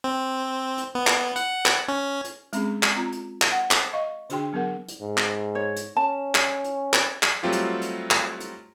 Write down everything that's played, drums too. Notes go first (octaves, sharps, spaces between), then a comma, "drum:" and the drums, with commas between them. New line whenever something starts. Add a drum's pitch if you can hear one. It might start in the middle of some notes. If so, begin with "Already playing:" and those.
C4
drum: hi-hat
B3
drum: clap
F#5, drum: hi-hat
drum: clap
C#4
drum: hi-hat
G#3 C4 C#4 G#4, drum: hi-hat
drum: clap
C4 F4 A#5
drum: hi-hat
drum: clap
F#5
drum: clap
D#5 F5 C#6
D3 D4 F#4 G#4 G5 C6, drum: hi-hat
F#3 B3 G#4 A#4 F#5
drum: hi-hat
G#2
drum: clap
C#5
drum: hi-hat
C#4 A5
drum: clap
drum: hi-hat
drum: clap
drum: clap
F#3 G3 A3 C4 F4 G4
drum: hi-hat
drum: hi-hat
drum: clap
drum: hi-hat